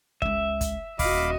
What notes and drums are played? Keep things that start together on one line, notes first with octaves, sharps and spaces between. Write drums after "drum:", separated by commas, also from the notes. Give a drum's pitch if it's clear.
C#2 G#3 E5, drum: kick
drum: kick, hi-hat
D#1 F#4 D#5 F5 B5 D6, drum: kick, open hi-hat